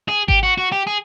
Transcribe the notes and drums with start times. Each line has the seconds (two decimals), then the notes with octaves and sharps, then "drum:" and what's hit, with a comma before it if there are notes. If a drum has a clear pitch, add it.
0.08 G#4
0.28 G4, drum: kick G#1
0.43 F#4
0.58 F#4
0.72 G4
0.87 G#4